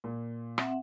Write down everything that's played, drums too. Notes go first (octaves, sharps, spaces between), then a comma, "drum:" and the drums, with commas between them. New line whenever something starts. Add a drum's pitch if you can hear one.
A#2
C4 E5 F#5, drum: rim click